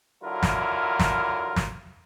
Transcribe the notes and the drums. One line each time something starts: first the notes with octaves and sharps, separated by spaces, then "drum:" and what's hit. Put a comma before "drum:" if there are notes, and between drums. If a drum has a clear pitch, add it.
D3 F#3 E4 F4 A#4
drum: snare
drum: snare
drum: snare